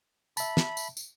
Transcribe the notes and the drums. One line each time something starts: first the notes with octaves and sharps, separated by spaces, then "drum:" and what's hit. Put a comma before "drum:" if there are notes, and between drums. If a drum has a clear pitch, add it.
E5 A5 B5, drum: tambourine
drum: snare
drum: tambourine
drum: tambourine